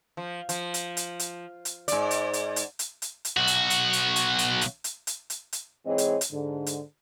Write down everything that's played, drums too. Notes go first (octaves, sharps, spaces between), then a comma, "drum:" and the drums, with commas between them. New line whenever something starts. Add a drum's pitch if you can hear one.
F3
F3, drum: hi-hat
drum: hi-hat
drum: hi-hat
drum: hi-hat
drum: hi-hat
G#2 D5, drum: hi-hat
drum: hi-hat
drum: hi-hat
drum: hi-hat
drum: hi-hat
drum: hi-hat
drum: hi-hat
B1 F#4
drum: hi-hat
drum: hi-hat
drum: hi-hat
drum: hi-hat
drum: hi-hat
drum: hi-hat
drum: hi-hat
drum: hi-hat
drum: hi-hat
drum: hi-hat
G#2 E3 C4 G#4 C#5 D#5
drum: hi-hat
drum: hi-hat
G#2 D3
drum: hi-hat